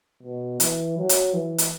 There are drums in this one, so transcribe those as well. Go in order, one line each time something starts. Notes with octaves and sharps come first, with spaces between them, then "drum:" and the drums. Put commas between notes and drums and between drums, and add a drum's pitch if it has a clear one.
B2
E3, drum: hi-hat
F#3
drum: hi-hat
E3
drum: hi-hat